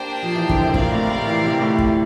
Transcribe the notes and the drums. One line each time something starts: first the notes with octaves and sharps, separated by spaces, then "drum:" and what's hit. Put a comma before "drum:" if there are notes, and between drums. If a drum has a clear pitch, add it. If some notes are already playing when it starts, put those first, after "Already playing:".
Already playing: A#3 D4 G4 C5 G5
F3
E3
D3, drum: kick
C3
A#2 C4 G4 A#4 D5 F5, drum: kick
A2
A2
E3
C3
A2
drum: kick